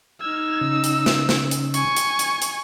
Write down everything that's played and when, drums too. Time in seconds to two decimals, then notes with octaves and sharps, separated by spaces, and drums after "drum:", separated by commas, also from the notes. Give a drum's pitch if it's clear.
0.21 D#4 E6 F6 G#6
0.61 C#3
0.84 drum: hi-hat
1.06 drum: snare
1.29 drum: snare
1.51 drum: hi-hat
1.74 G#5 C#6, drum: hi-hat
1.97 drum: hi-hat
2.19 drum: hi-hat
2.42 drum: hi-hat